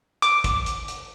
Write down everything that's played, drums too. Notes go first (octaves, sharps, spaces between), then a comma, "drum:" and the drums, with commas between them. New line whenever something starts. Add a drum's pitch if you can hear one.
D6, drum: hi-hat
drum: kick, hi-hat
drum: hi-hat
drum: hi-hat